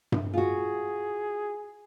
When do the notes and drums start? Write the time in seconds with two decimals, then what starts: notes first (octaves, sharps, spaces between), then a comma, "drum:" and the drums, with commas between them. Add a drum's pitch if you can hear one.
0.12 drum: tom G2
0.34 F4 F#4 G#4